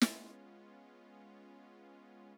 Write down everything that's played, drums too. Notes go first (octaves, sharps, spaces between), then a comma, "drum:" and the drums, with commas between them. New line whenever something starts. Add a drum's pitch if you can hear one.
G#3 B3 C#4 F4, drum: snare